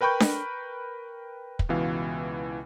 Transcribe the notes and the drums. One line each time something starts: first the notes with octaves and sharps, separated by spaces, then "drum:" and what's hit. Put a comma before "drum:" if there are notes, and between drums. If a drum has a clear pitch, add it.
A#4 B4 G5 B5 C#6 G6
drum: snare D4
drum: kick
C#2 B2 E3 F5